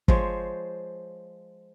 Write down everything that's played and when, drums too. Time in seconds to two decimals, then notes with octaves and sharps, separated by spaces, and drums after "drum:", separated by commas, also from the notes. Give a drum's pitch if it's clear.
0.08 F3 G#3 C5 C#5, drum: kick